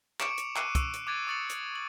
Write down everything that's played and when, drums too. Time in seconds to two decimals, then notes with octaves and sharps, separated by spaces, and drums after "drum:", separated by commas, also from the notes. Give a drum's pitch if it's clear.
0.20 C#6 D6 C#7 D7 E7 F#7, drum: clap
0.38 drum: hi-hat
0.56 D6 E6 F#6 C7 C#7 D#7, drum: clap
0.75 C#6 E6, drum: kick, hi-hat
0.94 drum: hi-hat
1.07 D6 F#6 G#6 A6 D7 D#7
1.27 C#6 D#6 A6 C#7 F#7
1.50 drum: hi-hat
1.75 F#7